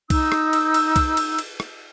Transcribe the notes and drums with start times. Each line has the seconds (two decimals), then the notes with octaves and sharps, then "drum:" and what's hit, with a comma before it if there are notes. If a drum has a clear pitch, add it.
0.10 D#4 E6 G6, drum: kick C2, cymbal
0.32 drum: rim click
0.53 drum: cymbal
0.74 drum: cymbal
0.96 drum: kick C2, cymbal
1.17 drum: cymbal
1.38 drum: cymbal
1.60 drum: rim click